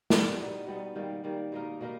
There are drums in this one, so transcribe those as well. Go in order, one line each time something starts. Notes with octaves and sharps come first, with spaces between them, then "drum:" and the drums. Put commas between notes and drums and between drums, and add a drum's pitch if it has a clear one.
G3 B3 E4, drum: snare
B2 G3 B3 D#4
B2 G3 B3 D#4
D#3 G3 A#3
D#3 G3 A#3
B2 A#3 D#4 A#4
B2 A#3 D#4 A#4